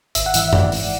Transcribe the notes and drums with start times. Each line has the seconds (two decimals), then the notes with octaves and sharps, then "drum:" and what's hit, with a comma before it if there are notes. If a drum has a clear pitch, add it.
0.15 G#1 E5, drum: hi-hat
0.26 F#5
0.34 G#2 E3 E5, drum: hi-hat
0.48 E5
0.53 G#1 D5, drum: tom F#2
0.72 G#2 E3, drum: open hi-hat